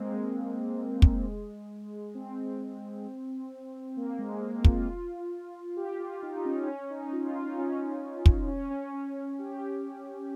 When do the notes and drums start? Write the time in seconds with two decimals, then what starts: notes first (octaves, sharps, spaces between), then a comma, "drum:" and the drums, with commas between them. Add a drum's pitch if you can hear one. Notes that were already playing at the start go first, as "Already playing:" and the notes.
Already playing: G#3 A#3 C4
0.12 G#3
1.02 drum: kick
2.15 C4
3.97 A#3
4.19 G#3
4.42 A#3
4.64 F4, drum: kick
5.77 G4
5.99 F4
6.22 D#4
6.37 D#4
6.45 C#4
6.63 D#4
6.67 C#4
6.90 D#4
7.13 F4
7.35 F4
7.46 D#4
7.58 C#4
8.26 drum: kick
8.48 C#4
8.70 C#4
8.93 C#4
9.39 G4